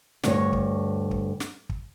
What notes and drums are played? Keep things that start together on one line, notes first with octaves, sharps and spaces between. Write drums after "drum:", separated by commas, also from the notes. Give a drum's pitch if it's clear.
D2 G2 C#5, drum: snare
drum: kick
drum: kick
drum: snare
drum: kick